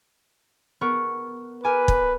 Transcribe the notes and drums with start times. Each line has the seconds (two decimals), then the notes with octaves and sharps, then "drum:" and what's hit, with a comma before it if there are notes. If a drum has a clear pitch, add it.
0.81 B3 A#4 C#6
1.64 A#4 B4 G#5 D6
1.88 drum: kick